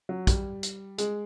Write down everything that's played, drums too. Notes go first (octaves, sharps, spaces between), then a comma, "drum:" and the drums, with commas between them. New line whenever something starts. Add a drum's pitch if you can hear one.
F#3
G3, drum: kick, hi-hat
drum: hi-hat
G#3, drum: hi-hat